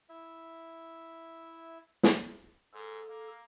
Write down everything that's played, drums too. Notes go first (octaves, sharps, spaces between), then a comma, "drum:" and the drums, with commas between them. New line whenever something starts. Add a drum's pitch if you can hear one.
E4 E5
drum: snare
G#2 A4
A#3